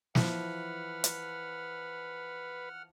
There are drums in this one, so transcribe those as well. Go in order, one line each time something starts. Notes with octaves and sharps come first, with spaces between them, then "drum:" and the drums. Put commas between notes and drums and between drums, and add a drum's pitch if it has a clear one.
E3 F3 B4 F#5 F6, drum: snare
drum: hi-hat